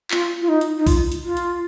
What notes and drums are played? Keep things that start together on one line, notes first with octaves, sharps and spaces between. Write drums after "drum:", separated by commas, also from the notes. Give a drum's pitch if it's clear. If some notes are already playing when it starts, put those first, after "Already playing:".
F4, drum: clap
F4
D#4
drum: hi-hat
D#4
F4, drum: kick B1, open hi-hat
drum: hi-hat
F4
drum: hi-hat